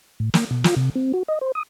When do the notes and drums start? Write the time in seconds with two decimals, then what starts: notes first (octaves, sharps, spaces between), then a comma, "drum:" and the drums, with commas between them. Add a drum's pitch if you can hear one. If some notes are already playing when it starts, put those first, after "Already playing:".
0.20 A2
0.34 A#3, drum: snare
0.51 B2
0.64 F4, drum: snare
0.77 C3
0.95 C4
1.14 F#4
1.28 D#5
1.41 C5
1.55 D#6